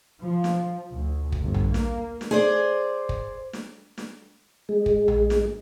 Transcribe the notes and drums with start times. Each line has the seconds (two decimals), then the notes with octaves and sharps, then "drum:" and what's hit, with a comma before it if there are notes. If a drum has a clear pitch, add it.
0.22 F3
0.44 drum: snare
0.92 D2
1.32 drum: kick
1.43 G1
1.54 drum: tom A#1
1.74 A#3, drum: snare
2.21 drum: snare
2.31 G#4 C5 D5
3.09 drum: kick
3.53 drum: snare
3.98 drum: snare
4.69 G#3
4.86 drum: kick
5.08 drum: tom A#1
5.30 drum: snare